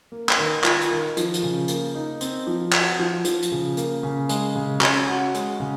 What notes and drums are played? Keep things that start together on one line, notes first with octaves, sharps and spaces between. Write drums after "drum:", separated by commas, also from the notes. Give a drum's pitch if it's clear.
A#3
drum: clap
D#3
F4, drum: clap
drum: hi-hat
D#3
F3, drum: hi-hat
drum: hi-hat
C#3
A#3, drum: hi-hat
D#4
C4, drum: hi-hat
F3
F#4, drum: clap
F3
F3, drum: hi-hat
drum: hi-hat
C#3
A#3, drum: hi-hat
C#3
G#3, drum: hi-hat
C#3
C#4, drum: clap
F#4
G#3, drum: hi-hat
C#3